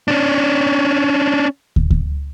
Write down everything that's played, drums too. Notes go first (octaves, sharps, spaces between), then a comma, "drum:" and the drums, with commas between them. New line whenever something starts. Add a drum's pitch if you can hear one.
C#4 D4
drum: kick
drum: kick